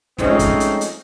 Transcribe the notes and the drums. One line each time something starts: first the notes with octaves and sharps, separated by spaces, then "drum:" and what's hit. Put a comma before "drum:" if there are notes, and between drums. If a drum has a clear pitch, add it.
F3 G#3 A3 C4 C#4 D#4, drum: snare
drum: kick, hi-hat
drum: hi-hat
drum: hi-hat